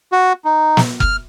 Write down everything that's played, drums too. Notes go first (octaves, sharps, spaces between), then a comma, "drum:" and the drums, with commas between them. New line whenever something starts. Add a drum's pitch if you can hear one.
F#4
D#4
drum: snare
F6, drum: kick F#1